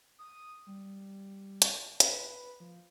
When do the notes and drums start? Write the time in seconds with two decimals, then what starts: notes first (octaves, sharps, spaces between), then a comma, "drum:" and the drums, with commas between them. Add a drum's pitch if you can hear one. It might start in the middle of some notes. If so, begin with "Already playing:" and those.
0.19 D#6
0.67 G3
1.62 drum: hi-hat
2.00 B4, drum: hi-hat
2.60 F3